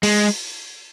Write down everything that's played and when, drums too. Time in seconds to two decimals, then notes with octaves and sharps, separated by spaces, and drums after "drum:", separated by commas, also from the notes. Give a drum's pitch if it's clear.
0.03 G#3, drum: open hi-hat